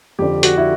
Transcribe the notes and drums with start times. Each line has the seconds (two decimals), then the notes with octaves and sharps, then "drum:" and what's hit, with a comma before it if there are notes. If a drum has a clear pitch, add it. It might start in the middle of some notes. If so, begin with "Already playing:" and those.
0.19 F2 D3 G4
0.43 F#4, drum: hi-hat
0.57 E4